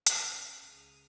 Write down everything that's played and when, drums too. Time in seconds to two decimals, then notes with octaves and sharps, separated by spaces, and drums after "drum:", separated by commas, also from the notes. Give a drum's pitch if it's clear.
0.07 drum: hi-hat
0.21 B2 C#4 D5 E6 F#6
0.57 C#2 C#3 D#6 F6